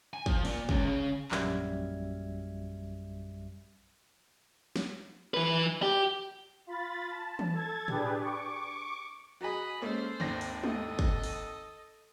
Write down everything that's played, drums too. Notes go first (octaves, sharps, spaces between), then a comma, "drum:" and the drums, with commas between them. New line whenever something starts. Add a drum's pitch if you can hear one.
G#5
F3, drum: kick
A#2, drum: open hi-hat
C#2, drum: kick
C#3
A#1 F#2 G3 E5 F6 G#6, drum: clap
drum: snare
E3 B4
G4
F4 B5 A6
A5
drum: tom E3
A4 G#6 A6
D4 G4 G#4 B4, drum: tom A2
C#6 D6
F#4 G#4 D#5 B5
G#3 A#3 C#4 A4 C5
G#1 D#2 A#6
drum: open hi-hat
A4 D#5, drum: tom G#3
drum: kick
drum: open hi-hat